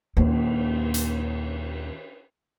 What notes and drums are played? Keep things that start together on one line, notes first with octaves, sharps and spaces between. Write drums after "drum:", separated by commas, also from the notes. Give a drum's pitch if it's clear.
D#2 A#2, drum: cymbal
drum: hi-hat